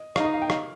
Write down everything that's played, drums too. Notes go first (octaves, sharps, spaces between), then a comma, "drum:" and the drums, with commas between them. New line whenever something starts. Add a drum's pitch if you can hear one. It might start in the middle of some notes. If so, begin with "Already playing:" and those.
Already playing: D#5
D#4 F5, drum: rim click
D#5
F5
G5
F5, drum: rim click